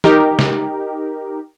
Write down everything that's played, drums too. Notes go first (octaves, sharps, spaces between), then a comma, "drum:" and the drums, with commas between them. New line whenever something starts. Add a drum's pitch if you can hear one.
D#4 G4 A#4, drum: tom
drum: snare